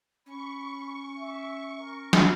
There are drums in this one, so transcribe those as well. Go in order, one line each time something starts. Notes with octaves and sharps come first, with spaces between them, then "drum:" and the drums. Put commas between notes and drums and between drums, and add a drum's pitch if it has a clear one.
C#4 B5 C#6
E5
A#4
drum: snare